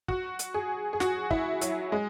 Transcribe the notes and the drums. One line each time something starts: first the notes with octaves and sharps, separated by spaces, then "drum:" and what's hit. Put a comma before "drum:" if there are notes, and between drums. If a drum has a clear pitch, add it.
F#4, drum: kick
drum: hi-hat
G#4
G#4
F#4, drum: snare
E4, drum: kick
F#3, drum: hi-hat
G#3